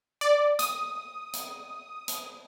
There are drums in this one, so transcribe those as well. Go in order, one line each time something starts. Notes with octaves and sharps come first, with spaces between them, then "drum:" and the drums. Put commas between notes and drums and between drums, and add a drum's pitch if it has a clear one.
D5
D#6, drum: hi-hat
drum: hi-hat
drum: hi-hat